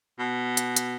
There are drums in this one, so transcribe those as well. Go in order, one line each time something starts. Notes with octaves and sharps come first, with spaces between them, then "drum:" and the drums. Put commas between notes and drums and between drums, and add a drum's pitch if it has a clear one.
B2
drum: hi-hat
drum: hi-hat